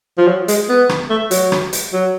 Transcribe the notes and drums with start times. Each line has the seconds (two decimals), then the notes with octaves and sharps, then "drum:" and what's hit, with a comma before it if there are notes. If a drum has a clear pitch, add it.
0.18 F3
0.27 F#3
0.48 G#3, drum: hi-hat
0.69 B3
0.89 drum: rim click
1.10 A3
1.31 F#3, drum: hi-hat
1.52 drum: rim click
1.73 drum: hi-hat
1.93 F#3